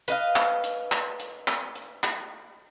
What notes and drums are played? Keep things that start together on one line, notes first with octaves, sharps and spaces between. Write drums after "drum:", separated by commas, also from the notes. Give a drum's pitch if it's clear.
B4 D#5 F5, drum: hi-hat
drum: clap
drum: hi-hat
drum: clap
drum: hi-hat
drum: clap
drum: hi-hat
drum: clap